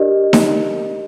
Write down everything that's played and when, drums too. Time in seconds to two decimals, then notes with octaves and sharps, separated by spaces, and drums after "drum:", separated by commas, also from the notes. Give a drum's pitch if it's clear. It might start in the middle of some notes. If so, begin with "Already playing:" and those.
Already playing: D4 G4 A#4 D5 D#5
0.33 drum: snare D#4